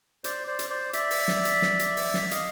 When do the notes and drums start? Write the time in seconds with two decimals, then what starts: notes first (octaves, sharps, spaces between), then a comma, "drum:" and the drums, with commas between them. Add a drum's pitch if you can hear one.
0.24 C5 D5, drum: hi-hat
0.47 C5 D5
0.59 drum: hi-hat
0.70 C5 D5
0.93 D5 E5, drum: hi-hat
1.11 drum: open hi-hat
1.28 drum: snare
1.45 drum: hi-hat
1.62 drum: snare
1.79 drum: hi-hat
1.97 drum: open hi-hat
2.14 drum: snare
2.31 D#5 F5, drum: hi-hat